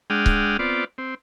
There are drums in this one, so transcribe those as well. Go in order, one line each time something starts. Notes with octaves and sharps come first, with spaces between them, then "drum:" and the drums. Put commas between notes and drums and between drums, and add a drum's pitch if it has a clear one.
G#3 D4 F#5 G5 D#6 F6
drum: kick C#1
B3 C4 F4 D5
C4